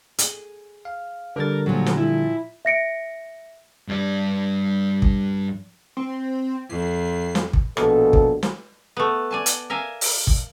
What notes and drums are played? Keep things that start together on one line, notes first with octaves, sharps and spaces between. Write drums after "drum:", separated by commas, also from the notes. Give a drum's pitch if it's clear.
G#4, drum: hi-hat
F5
D3 G3 A#4 A6
A#2 F3 F#3
drum: snare
E4
E5 A#6 C#7 D7
G2 D5
drum: kick
C4
F2 C7
drum: snare
drum: kick
A#1 B2 A4, drum: rim click
drum: kick
drum: snare
A3 B3
D5 G#5 A5
drum: hi-hat
A#4 E5 F5 G#5
drum: open hi-hat
drum: kick